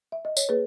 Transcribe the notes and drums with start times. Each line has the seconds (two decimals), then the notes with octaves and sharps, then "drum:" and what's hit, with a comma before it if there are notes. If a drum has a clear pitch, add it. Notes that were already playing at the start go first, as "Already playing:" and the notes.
0.12 E5
0.25 D#5
0.37 C#5, drum: tambourine
0.49 A#3 G#4 B4